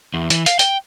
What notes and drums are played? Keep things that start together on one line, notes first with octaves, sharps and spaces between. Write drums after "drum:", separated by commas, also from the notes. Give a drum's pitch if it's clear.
E2
E3, drum: hi-hat
F5, drum: hi-hat
G5, drum: hi-hat